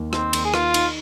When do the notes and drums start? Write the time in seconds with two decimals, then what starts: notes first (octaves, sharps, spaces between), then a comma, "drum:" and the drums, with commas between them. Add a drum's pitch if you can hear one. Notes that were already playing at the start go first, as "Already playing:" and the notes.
Already playing: D#2
0.13 C4 D#4, drum: rim click
0.33 D#2, drum: cymbal
0.45 G#4
0.54 D#3 F4, drum: rim click
0.74 D#4, drum: cymbal